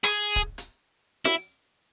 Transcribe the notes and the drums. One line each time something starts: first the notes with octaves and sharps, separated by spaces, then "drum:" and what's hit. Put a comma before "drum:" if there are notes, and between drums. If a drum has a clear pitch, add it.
G#4, drum: rim click
drum: kick D1
drum: hi-hat
E4, drum: snare